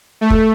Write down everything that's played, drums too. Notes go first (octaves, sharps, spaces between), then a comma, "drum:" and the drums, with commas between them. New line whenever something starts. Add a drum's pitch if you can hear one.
A3
drum: kick